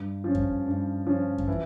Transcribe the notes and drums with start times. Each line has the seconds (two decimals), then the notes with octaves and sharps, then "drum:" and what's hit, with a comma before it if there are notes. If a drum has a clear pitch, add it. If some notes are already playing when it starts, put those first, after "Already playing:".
Already playing: G2
0.24 F3 C#4
0.35 drum: kick F#2
0.66 G2
1.07 F3 C#4
1.38 drum: kick F#2
1.48 E3